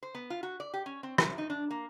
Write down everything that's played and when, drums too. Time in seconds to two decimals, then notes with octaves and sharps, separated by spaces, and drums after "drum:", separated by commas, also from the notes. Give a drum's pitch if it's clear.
0.03 C5
0.15 B3
0.30 F4
0.43 F#4
0.60 D5
0.74 G4
0.86 C#4
1.03 C4
1.18 C3, drum: rim click
1.38 D#4
1.50 D4
1.71 A#3